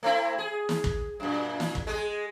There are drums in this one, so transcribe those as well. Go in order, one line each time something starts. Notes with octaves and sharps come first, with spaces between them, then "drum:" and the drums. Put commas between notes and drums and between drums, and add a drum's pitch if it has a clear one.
A3 C4 E4
G#4
drum: snare
drum: kick
F#2 A#2
drum: snare
drum: kick
G#3 G#4